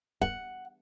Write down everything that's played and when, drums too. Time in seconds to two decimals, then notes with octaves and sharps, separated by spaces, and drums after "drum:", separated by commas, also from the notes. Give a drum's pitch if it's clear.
0.21 F#5, drum: kick